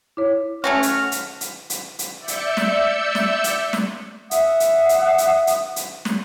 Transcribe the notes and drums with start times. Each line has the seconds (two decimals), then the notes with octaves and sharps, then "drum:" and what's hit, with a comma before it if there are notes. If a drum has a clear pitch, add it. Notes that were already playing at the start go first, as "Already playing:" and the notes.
0.17 E4 C#5
0.64 A3 C#4 F#4 F6
0.83 drum: hi-hat
1.12 drum: hi-hat
1.41 drum: hi-hat
1.70 drum: hi-hat
1.99 drum: hi-hat
2.18 D5 E5 E6 G6 C#7
2.28 drum: hi-hat
2.57 drum: snare
3.15 drum: snare
3.44 drum: hi-hat
3.73 drum: snare
4.31 E5 F#5 D#6, drum: hi-hat
4.60 drum: hi-hat
4.89 drum: hi-hat
5.18 drum: hi-hat
5.47 drum: hi-hat
5.76 drum: hi-hat
6.05 drum: snare